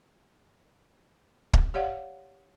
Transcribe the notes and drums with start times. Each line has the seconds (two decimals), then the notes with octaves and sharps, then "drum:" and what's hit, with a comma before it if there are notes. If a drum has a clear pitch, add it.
1.53 drum: kick
1.74 G4 C#5 D5 F5 F#5